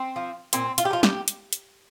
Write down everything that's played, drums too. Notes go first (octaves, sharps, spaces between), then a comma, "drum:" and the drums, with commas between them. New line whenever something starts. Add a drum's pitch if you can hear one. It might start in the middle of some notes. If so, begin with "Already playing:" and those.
Already playing: C4
F3
A#2 C4, drum: hi-hat
F4, drum: hi-hat
G4
F3 F4
G4, drum: snare
drum: hi-hat
drum: hi-hat